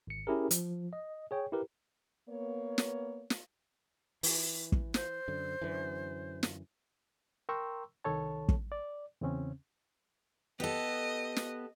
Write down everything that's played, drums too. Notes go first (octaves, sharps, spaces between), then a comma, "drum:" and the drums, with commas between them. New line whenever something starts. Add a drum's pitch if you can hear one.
G#1 C#7
C#4 E4 G4 G#4 A#4
F3, drum: hi-hat
D#5
G#4 C#5 G5
E4 G4 A#4 B4
A#3 B3 C#5
drum: snare
drum: snare
E3, drum: open hi-hat
drum: kick
C5, drum: snare
F#2 D3
F#2 D3 E3
drum: snare
A#4 G5 A#5 C6 C#6 E6
C2 D#3 A4 C#5 A5
drum: kick
D5
E2 C#3 C4 C#4
B3 G4 A4 D#5
drum: snare